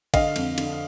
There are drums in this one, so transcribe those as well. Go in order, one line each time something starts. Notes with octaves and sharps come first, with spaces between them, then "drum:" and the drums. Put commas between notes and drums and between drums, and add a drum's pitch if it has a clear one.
D3 D#5 F5, drum: kick A1, cymbal
F2, drum: cymbal
D3, drum: cymbal